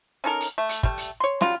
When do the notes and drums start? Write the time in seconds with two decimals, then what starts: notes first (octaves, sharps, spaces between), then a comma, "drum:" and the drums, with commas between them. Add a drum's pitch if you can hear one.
0.24 C#4 D#4 A4 A#4
0.40 drum: hi-hat
0.58 A3
0.69 drum: hi-hat
0.83 G3 A3, drum: kick
0.98 drum: hi-hat
1.20 C#5 C6
1.41 F#3 G3 F4, drum: snare